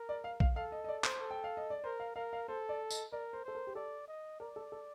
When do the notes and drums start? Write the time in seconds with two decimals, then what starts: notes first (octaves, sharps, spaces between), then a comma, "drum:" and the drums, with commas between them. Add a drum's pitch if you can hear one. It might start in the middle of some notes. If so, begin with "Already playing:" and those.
Already playing: A#4
0.09 D5
0.24 F5
0.40 F5, drum: kick
0.56 A4 F5
0.72 D#5
0.84 D#5
0.89 D5
1.04 C5, drum: clap
1.20 A4
1.31 G5
1.44 F5
1.57 D#5
1.70 D5
1.84 A#4 C5
2.00 F5
2.16 A#4 F5
2.33 F5
2.48 A4 C5
2.69 D5
2.91 D#5, drum: tambourine
3.12 A#4 D5
3.33 C5
3.44 A4 C5
3.55 A#4
3.67 G4
3.75 A4 D5
4.08 D#5
4.40 A#4 D5
4.56 A4
4.72 A4